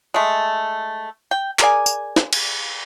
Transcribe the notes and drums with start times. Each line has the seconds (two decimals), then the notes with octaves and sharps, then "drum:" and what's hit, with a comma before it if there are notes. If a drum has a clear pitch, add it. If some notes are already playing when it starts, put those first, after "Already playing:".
0.14 G#3 A3
1.31 G5
1.59 G#4 A#4 D5 G#5, drum: clap
1.86 drum: tambourine
2.16 drum: snare
2.33 drum: cymbal